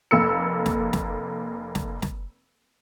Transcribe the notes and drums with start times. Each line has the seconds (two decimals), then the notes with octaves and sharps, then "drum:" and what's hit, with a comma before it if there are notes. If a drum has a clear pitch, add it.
0.11 F1 A#3 A4 E6 C#7
0.66 drum: snare
0.93 drum: snare
1.75 drum: snare
2.02 drum: snare